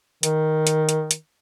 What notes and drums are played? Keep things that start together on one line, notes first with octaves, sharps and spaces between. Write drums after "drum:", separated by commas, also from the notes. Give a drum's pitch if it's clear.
D#3, drum: hi-hat
drum: hi-hat
drum: hi-hat
drum: hi-hat